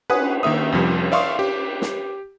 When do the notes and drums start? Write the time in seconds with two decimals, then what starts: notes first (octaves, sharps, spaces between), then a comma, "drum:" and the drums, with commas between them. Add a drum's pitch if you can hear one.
0.10 B4 F#5 G#5 D#6, drum: cymbal
0.43 D#3 A#3 E5 D#6
0.72 F2 C3 F3 G3
1.12 D5 E5 F5 C6 C#6 D#6
1.39 G4
1.82 drum: snare